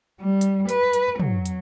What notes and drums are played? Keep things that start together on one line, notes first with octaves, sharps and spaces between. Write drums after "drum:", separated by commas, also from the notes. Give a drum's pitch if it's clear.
G3
drum: hi-hat
B4, drum: hi-hat
drum: hi-hat
F#3, drum: tom
drum: hi-hat